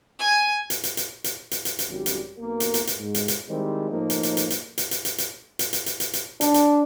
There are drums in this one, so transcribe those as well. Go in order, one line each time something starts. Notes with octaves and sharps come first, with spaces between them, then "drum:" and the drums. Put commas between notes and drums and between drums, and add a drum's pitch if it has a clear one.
G#5
drum: hi-hat
drum: hi-hat
drum: hi-hat
drum: hi-hat
drum: hi-hat
drum: hi-hat
drum: hi-hat
G#1 F#2 G3
drum: hi-hat
B1 A#3 A#4
drum: hi-hat
drum: hi-hat
drum: hi-hat
G#2
drum: hi-hat
drum: hi-hat
D#3 G3 G#3 C4 E4
A2 F3 A#3 D#4
drum: hi-hat
drum: hi-hat
drum: hi-hat
drum: hi-hat
drum: hi-hat
drum: hi-hat
drum: hi-hat
drum: hi-hat
drum: hi-hat
drum: hi-hat
drum: hi-hat
drum: hi-hat
drum: hi-hat
D4, drum: hi-hat
drum: hi-hat